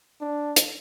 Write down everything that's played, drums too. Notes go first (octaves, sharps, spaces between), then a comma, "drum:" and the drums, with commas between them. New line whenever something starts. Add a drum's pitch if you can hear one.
D4
drum: hi-hat